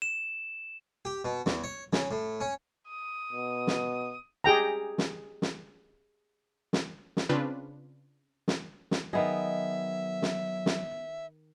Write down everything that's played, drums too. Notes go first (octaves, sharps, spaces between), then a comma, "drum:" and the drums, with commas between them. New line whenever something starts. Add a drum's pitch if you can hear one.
E7
G4
B2
E2, drum: snare
C#5
C#3, drum: snare
A2
C#4
D#6
B2
drum: snare
G4 G#4 G5 A#5
drum: snare
drum: snare
drum: snare
drum: snare
C#3 C4 D4 F4 B4
drum: snare
drum: snare
D#3 F#3 B3 G#4 D#5 E5
drum: snare
drum: snare